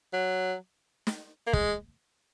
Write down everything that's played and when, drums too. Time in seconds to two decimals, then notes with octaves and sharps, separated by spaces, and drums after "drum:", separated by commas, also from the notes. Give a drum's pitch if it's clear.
0.13 F#3
1.07 drum: snare
1.47 A#3
1.53 G#3, drum: kick